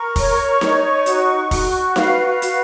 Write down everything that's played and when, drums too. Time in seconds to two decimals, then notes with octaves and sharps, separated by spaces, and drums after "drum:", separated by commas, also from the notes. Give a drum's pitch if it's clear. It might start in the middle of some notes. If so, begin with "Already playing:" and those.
Already playing: A#4 C#6
0.16 C#5, drum: kick, open hi-hat
0.61 D#4, drum: snare D#4
1.06 F#4, drum: hi-hat
1.51 F#4, drum: kick, open hi-hat
1.96 B4 F5, drum: snare D#4
2.27 F5
2.42 F#4, drum: hi-hat